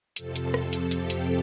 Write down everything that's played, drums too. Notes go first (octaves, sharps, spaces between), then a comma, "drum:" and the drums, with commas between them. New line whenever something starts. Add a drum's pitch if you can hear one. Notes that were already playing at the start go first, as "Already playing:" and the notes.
F2 C3 F3 A4, drum: hi-hat
drum: hi-hat
A4, drum: rim click
drum: hi-hat
G4, drum: hi-hat
drum: hi-hat